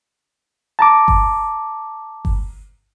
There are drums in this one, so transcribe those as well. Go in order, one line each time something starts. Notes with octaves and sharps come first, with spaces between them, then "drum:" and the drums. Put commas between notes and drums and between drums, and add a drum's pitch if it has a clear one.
A5 A#5 D6
drum: kick G1
drum: kick G1